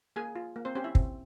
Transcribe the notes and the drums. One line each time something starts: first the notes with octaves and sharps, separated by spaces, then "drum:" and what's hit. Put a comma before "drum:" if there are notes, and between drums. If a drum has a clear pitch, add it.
A#3 G#4 G#5
F4
A#3
C4 C5
C4 C#4 G4 C5
E4 E5
C4, drum: kick